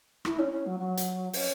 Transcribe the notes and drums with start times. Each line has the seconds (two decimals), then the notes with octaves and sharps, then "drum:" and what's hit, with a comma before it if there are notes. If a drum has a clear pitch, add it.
0.25 E4, drum: rim click
0.39 C#4
0.52 C#4
0.66 F#3
0.79 F#3
0.97 drum: hi-hat
1.33 C#4, drum: open hi-hat